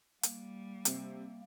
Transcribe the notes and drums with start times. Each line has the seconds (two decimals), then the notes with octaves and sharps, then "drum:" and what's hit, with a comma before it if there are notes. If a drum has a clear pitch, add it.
0.23 G3 A#3, drum: hi-hat
0.85 C3, drum: hi-hat